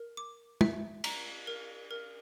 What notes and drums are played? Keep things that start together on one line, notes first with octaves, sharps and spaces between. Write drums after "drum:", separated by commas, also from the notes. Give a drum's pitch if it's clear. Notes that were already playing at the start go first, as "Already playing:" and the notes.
Already playing: A#4
D6
E5, drum: tom
A#5, drum: cymbal
A#4
A#4